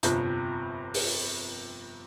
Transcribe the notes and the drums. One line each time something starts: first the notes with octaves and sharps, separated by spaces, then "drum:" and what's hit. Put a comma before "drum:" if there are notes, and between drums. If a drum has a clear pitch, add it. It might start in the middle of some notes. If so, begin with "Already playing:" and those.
G1 F2 C3 F3, drum: hi-hat
drum: open hi-hat